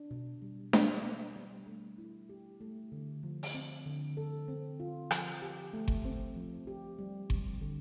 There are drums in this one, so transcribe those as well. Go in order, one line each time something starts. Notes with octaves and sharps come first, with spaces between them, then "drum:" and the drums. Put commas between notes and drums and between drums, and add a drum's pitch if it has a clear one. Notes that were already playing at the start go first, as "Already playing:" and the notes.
Already playing: D4
B2
G3
B3, drum: snare D4
D4
G3
A3
E4
G4
A3
D3
F3
drum: open hi-hat
C4
D3
A4
C4
F4
F3, drum: rim click
G4
A3
drum: kick G1
C4
F3
G4
G3
C4, drum: kick G1
D3